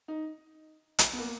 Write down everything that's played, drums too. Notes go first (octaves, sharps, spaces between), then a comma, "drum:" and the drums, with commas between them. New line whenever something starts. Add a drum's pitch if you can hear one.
D#4
drum: hi-hat
B3
A#3